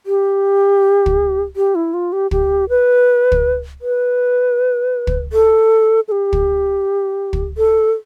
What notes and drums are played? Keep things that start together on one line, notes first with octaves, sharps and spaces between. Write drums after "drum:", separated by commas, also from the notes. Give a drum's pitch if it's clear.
G4
drum: kick
G4
E4
F4
G4
G4, drum: kick
B4
drum: kick
B4
drum: kick
A4
A4
G4
drum: kick
drum: kick
A4